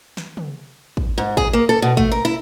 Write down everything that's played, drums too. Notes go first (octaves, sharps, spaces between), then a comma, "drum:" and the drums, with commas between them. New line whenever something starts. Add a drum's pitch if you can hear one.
drum: snare
drum: tom
drum: kick
G#2
G#4, drum: kick
A#3
A4
B2
A3, drum: kick
A#4
E4